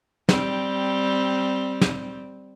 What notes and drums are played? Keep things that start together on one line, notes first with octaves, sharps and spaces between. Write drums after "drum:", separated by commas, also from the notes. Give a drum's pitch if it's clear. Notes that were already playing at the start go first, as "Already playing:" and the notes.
G3 C4, drum: snare
drum: snare